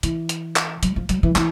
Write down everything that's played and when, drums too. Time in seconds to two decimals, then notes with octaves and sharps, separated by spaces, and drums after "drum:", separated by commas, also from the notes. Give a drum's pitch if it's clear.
0.03 E3, drum: hi-hat
0.29 drum: hi-hat
0.56 drum: clap
0.83 F#3, drum: hi-hat
0.96 F3
1.09 F#3, drum: hi-hat
1.23 E3
1.36 E3, drum: clap